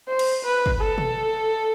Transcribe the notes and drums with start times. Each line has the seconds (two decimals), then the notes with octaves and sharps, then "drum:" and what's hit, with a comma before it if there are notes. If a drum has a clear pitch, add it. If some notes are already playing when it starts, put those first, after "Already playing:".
0.08 C5
0.19 drum: cymbal
0.45 B4
0.66 drum: kick
0.81 A4
0.98 drum: tom B2